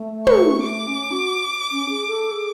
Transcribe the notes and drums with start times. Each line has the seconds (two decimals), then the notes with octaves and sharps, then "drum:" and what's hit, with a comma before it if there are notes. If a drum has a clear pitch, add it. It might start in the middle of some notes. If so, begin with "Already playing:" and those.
Already playing: A3
0.27 C#6, drum: tom
0.63 A3 D6
0.87 C#4
1.11 F#4
1.72 C#4
1.89 G#4
2.08 A4
2.31 G#4